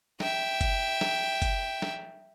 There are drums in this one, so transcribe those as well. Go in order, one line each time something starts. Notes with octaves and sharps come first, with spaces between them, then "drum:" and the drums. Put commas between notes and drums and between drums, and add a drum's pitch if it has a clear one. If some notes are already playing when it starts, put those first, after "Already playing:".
E5 G5, drum: snare
drum: kick, hi-hat
drum: snare
drum: kick, hi-hat
drum: snare